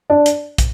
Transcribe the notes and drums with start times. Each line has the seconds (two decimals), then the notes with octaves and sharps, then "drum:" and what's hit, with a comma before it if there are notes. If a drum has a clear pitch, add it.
0.10 D4
0.26 drum: hi-hat
0.58 drum: kick, hi-hat